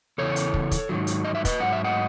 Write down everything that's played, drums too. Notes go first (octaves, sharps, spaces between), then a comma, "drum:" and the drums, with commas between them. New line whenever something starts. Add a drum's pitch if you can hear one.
E2 C#3 E3 A4 C#5
drum: hi-hat
drum: kick
drum: kick, hi-hat
G#2 D#3 F#3
drum: hi-hat
D#5
E5
B4 D#5, drum: kick, hi-hat
G#2 F#3 F#5
E5
D#5 F#5